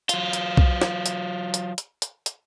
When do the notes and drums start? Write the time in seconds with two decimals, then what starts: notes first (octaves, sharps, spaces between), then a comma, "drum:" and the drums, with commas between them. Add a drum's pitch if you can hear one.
0.09 F#3 F4, drum: hi-hat
0.33 drum: hi-hat
0.57 drum: kick B1
0.82 drum: snare
1.06 drum: hi-hat
1.54 drum: hi-hat
1.78 drum: hi-hat
2.02 drum: hi-hat
2.26 drum: hi-hat